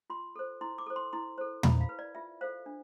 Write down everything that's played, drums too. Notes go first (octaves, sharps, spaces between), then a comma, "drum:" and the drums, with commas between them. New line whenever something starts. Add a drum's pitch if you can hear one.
F4 C6
A4 C5
E4 C6
D6
A4 C5
C6
E4 C6
A4 C5
E4 B5, drum: tom
F5
B4
D5
F4 E5
A4 C5 F5
D4